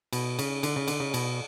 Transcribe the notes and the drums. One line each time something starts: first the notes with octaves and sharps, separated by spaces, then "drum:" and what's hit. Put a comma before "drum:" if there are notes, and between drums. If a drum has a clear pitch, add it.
B2, drum: cymbal
C#3, drum: cymbal
D3, drum: cymbal
C#3
D3, drum: cymbal
C#3
B2, drum: cymbal